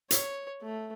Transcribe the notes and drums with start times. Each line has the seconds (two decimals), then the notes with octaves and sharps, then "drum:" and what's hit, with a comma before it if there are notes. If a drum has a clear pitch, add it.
0.11 C#5, drum: hi-hat
0.62 A3